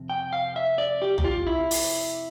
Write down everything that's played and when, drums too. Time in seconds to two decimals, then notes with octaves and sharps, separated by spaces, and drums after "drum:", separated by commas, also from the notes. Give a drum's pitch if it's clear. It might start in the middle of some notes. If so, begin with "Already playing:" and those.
Already playing: F2 C3
0.10 G5
0.33 F5
0.56 E5
0.78 D5
1.02 G4
1.18 G4, drum: tom
1.24 F4
1.47 E4
1.71 drum: open hi-hat